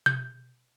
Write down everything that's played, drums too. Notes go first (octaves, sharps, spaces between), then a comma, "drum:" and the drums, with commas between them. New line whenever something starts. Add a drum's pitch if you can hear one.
G6, drum: tom B2